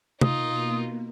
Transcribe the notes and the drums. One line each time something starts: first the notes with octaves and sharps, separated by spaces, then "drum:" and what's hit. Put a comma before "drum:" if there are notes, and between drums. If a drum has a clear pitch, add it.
B2 A#3 D#4 F4 D#6, drum: tom